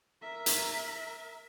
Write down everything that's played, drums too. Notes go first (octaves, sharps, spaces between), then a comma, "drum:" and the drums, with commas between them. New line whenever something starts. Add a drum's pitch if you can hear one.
A#4 E5
drum: hi-hat